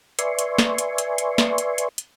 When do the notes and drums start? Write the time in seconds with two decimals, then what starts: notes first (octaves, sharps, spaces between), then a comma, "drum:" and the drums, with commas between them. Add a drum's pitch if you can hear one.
0.19 B4 D5 E5 G#5 C6 C#6, drum: hi-hat
0.39 drum: hi-hat
0.59 drum: snare
0.78 drum: hi-hat
0.98 drum: hi-hat
1.18 drum: hi-hat
1.38 drum: snare
1.58 drum: hi-hat
1.78 drum: hi-hat
1.98 drum: hi-hat